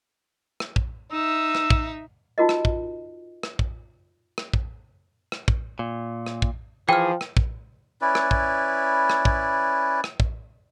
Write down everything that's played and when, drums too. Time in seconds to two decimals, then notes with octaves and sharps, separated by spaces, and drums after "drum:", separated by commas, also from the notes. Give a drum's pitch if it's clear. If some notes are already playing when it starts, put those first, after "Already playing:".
0.60 drum: rim click
0.76 drum: kick
1.12 D#4 E5 E6
1.55 drum: rim click
1.70 drum: kick
2.38 D#4 F4 F#4 A#4 D#5
2.49 drum: rim click
2.65 drum: kick
3.43 drum: rim click
3.59 drum: kick
4.38 drum: rim click
4.54 drum: kick
5.32 drum: rim click
5.48 drum: kick
5.79 A#2
6.26 drum: rim click
6.42 drum: kick
6.89 E3 F3 G#4 G5 F6
7.21 drum: rim click
7.37 drum: kick
8.01 C#4 E4 B4 D5
8.15 drum: rim click
8.31 drum: kick
9.10 drum: rim click
9.25 drum: kick
10.04 drum: rim click
10.20 drum: kick